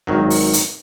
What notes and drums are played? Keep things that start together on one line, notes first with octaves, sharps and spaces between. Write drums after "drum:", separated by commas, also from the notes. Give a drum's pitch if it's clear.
G#1 D#3 F#3
drum: open hi-hat
drum: hi-hat